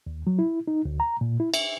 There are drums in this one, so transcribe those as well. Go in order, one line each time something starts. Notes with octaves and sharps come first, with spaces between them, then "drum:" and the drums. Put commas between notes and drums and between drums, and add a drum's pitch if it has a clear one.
D#2
F#3
E4
D#4
D2
A#5
A#2
E4
E5, drum: cymbal